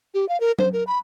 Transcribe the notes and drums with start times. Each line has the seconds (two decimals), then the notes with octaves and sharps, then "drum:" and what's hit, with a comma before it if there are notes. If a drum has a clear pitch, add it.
0.14 G4
0.29 F5
0.40 A#4
0.59 C5, drum: tom F#3
0.73 A#4
0.87 B5